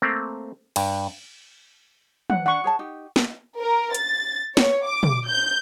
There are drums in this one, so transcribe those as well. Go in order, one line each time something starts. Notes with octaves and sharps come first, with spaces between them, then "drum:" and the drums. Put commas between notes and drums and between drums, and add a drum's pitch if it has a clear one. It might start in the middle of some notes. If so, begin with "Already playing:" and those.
A3 A#3 C4
G2, drum: cymbal
F#5, drum: tom
D4 F#5 C#6
G#4 C#5 A5
D#4 G4
drum: snare
A#4
A6, drum: hi-hat
C#5, drum: snare
D6
drum: tom
G6